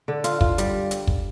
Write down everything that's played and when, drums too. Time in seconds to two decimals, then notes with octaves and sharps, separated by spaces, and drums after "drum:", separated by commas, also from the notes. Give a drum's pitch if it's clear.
0.08 D3
0.24 F4, drum: hi-hat
0.41 F4, drum: kick
0.58 G3, drum: hi-hat
0.91 drum: hi-hat
1.07 drum: kick